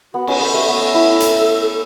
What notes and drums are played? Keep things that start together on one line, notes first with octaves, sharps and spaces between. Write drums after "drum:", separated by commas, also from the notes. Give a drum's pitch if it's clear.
B3 F#4
C#4, drum: cymbal
B3 A4
A3
B3 A4
E4
drum: hi-hat